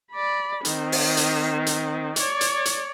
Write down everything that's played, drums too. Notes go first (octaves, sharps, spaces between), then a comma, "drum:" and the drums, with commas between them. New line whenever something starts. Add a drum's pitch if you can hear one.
D5 B5
D#3 C4, drum: hi-hat
drum: open hi-hat
drum: hi-hat
drum: hi-hat
C#5 D5, drum: hi-hat
drum: hi-hat
drum: hi-hat